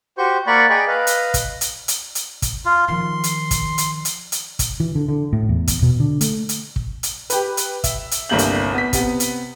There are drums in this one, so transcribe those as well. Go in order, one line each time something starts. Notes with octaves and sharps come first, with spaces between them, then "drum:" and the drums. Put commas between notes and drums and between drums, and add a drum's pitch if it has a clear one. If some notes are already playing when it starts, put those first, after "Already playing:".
F#4 G4 C5 C#6 G6
A#3 D5 F#5 B5 C#6
G#4 D5 D#5 G5 B5 C#6
B4 D#5 F5
drum: hi-hat
drum: kick, hi-hat
drum: hi-hat
drum: hi-hat
drum: hi-hat
drum: kick, hi-hat
F4
D#3 F3 C6
drum: hi-hat
drum: kick, hi-hat
drum: hi-hat
drum: hi-hat
drum: hi-hat
drum: kick, hi-hat
E3
D3
D3
A2
E2
drum: kick, hi-hat
B2
D3
A3, drum: hi-hat
drum: hi-hat
drum: kick
drum: hi-hat
G4 B4, drum: hi-hat
drum: hi-hat
E5, drum: kick, hi-hat
drum: hi-hat
G1 C2 A3 A#3 G6 F#7
drum: hi-hat
B3 B6
C3 B3, drum: kick, hi-hat
drum: hi-hat